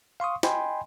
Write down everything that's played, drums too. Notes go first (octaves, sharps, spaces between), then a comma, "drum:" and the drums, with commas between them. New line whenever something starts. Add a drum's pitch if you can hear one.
F5 C6 C#6 D#6
D#5 G5 G#5 B5 C6, drum: snare